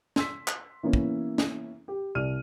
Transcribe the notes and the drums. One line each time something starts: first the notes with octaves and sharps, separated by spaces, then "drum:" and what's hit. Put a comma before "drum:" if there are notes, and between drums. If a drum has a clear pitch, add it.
C6 E6 B6, drum: snare
drum: clap
E3 A#3 B3 C#4 E4
drum: kick
drum: snare
G4
C2 D5 F6 D#7